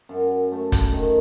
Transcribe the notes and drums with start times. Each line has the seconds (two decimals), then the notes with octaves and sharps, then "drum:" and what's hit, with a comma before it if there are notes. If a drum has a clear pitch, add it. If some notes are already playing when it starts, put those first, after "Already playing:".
0.09 F#2
0.51 A3
0.72 drum: kick, hi-hat
0.93 D#3